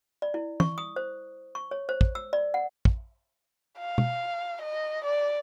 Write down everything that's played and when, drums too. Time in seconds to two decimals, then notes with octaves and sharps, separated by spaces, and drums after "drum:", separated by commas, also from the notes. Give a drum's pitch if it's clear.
0.22 D5
0.34 E4
0.60 C#6, drum: tom
0.78 D#6
0.96 C5
1.55 C#6
1.71 C#5
1.89 C5
2.01 drum: kick
2.15 E6
2.33 D5
2.54 F#5
2.85 drum: kick
3.79 F5
3.98 drum: tom
4.62 D#5
5.05 D5